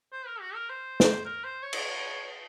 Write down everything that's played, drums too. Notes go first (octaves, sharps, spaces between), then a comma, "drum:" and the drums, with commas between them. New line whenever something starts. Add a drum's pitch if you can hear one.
C5
A#4
F#4
A#4
C5
drum: snare
A#4
C5
C#5
drum: cymbal